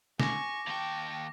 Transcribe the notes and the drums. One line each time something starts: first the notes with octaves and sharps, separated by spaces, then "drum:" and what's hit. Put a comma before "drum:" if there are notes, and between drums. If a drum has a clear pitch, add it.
G#5 C#6 D6 A#6, drum: snare
D#2 G5 A5 C#6